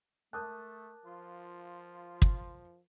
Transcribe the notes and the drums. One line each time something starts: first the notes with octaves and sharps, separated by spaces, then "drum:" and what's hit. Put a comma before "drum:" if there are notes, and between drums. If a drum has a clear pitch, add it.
A3 A#4 A5 D6 D#6 F#6 G6
F3 F4
drum: kick